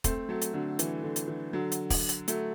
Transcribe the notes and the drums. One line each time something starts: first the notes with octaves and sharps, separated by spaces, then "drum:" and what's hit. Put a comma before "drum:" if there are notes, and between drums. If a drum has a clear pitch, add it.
A3 C4, drum: kick, hi-hat
F#3 A3
drum: hi-hat
D3 F#3
E3, drum: hi-hat
D3
drum: hi-hat
E3
D3 F#3
drum: hi-hat
drum: kick, open hi-hat
drum: hi-hat
F#3 A3, drum: hi-hat